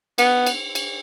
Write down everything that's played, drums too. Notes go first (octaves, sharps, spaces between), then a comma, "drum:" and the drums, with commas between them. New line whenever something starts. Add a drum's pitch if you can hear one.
B3, drum: cymbal
drum: cymbal
drum: cymbal